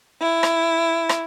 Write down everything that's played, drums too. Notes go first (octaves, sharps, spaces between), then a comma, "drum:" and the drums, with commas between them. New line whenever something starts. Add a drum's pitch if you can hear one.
E4
drum: rim click
drum: rim click